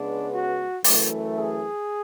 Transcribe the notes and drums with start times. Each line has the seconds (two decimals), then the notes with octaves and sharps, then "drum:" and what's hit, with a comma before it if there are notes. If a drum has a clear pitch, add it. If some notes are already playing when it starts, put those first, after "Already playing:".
Already playing: C#2 C#3 G#3 B3 D4
0.34 F#4
0.84 F#2 E3 A3, drum: open hi-hat
1.36 G#4